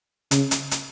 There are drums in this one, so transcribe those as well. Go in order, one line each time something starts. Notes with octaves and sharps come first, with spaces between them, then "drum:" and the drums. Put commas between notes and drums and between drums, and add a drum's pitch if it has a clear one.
C#3, drum: hi-hat
drum: hi-hat
drum: hi-hat